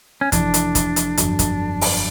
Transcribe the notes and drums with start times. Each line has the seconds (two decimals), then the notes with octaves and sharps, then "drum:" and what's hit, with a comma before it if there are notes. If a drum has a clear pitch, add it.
0.21 C#4
0.32 F1 F2 C3 E3 D4, drum: kick, hi-hat
0.54 drum: hi-hat
0.75 drum: kick, hi-hat
0.96 drum: hi-hat
1.17 G1 F2 D3 F#3, drum: hi-hat
1.39 drum: kick, hi-hat
1.81 drum: open hi-hat